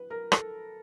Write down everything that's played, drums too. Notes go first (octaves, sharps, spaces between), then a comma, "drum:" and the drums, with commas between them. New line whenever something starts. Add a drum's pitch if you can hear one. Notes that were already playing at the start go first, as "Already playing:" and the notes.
Already playing: B4
A#4
A4, drum: rim click